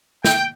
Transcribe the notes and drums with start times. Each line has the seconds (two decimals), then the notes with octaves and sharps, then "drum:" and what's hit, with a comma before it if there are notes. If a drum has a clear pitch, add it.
0.24 G5, drum: snare